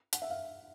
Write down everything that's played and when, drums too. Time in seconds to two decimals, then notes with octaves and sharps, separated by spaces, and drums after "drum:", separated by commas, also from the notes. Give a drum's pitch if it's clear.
0.13 F#5, drum: hi-hat
0.22 E5
0.30 F5